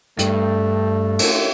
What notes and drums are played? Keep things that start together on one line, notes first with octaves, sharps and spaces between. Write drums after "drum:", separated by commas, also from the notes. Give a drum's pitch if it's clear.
G2 A3, drum: hi-hat
drum: cymbal